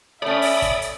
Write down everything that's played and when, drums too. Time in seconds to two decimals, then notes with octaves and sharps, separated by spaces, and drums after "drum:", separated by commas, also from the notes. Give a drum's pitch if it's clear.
0.22 A3 C#4 D5 E5 B5 D#6
0.42 drum: open hi-hat
0.62 drum: kick, hi-hat
0.82 drum: hi-hat